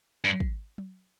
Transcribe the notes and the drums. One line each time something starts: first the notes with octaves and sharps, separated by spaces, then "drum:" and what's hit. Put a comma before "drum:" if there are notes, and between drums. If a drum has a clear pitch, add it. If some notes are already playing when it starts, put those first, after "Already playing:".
G2
drum: kick
drum: tom F#3